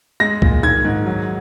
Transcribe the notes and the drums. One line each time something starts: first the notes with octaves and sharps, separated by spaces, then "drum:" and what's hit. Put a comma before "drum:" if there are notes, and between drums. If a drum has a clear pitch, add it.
G#3 A#6
A#2, drum: kick C#2
D#3 G#6
G#2
F#3